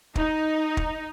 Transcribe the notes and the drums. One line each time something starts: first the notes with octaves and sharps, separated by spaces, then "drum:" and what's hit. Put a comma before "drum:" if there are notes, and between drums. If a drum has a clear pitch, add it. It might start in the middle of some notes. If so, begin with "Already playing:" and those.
D#4, drum: kick
drum: kick